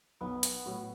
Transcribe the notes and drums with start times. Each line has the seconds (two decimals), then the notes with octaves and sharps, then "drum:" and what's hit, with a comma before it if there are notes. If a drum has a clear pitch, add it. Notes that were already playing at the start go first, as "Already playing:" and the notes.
0.21 B1 B3
0.43 drum: hi-hat
0.66 A2 F#3